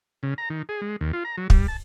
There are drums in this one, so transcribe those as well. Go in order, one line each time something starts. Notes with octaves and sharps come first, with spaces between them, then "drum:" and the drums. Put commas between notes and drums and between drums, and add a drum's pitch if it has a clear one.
C#3
A#5
D#3
G#4
G#3
D#2
F4
A#5
F#3
G3, drum: kick
A5